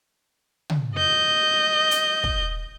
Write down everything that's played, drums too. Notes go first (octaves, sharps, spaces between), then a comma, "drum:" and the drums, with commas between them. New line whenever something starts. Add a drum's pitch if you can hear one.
drum: tom
D#5 G6
drum: hi-hat
drum: kick